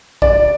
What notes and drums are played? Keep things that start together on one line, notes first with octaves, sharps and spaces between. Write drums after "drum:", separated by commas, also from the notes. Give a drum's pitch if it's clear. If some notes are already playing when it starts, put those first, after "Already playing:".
D5, drum: kick A#1